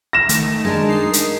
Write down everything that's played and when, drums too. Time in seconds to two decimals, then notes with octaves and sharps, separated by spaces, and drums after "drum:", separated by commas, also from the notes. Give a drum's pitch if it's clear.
0.13 A#6 E7
0.29 D#3 A3, drum: hi-hat
0.65 G#3 D4 A#4 A5
0.89 D#4 C7
1.13 drum: hi-hat